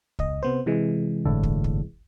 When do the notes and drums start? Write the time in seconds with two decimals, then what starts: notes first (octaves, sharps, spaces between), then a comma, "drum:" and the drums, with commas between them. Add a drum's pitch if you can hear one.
0.19 C#2 D#5, drum: kick
0.43 C3 B3 C5
0.66 C3 E3 G#3
1.25 G1 A2 D3
1.43 drum: kick
1.64 drum: kick